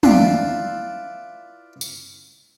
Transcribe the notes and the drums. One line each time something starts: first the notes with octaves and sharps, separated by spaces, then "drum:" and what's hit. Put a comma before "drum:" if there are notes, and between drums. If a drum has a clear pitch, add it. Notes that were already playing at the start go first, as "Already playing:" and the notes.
E4 F4 B4 D5, drum: tom
drum: tambourine